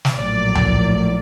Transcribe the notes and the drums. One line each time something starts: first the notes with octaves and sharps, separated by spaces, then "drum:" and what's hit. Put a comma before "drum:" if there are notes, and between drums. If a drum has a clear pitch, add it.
drum: snare
A#1 A2 F#3 A#3 D5
drum: tom C#2